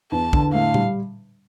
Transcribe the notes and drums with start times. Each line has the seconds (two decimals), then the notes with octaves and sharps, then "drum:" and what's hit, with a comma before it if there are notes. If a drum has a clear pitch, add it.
0.12 E2 A5
0.33 D3, drum: kick
0.53 A2 F5
0.74 G3, drum: tom A#2